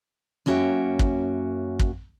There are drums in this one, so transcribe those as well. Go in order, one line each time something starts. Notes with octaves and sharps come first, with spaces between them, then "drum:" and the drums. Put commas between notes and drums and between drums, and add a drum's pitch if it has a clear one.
F#2 A#3 C#4 F#4 E5 G5
drum: kick
drum: kick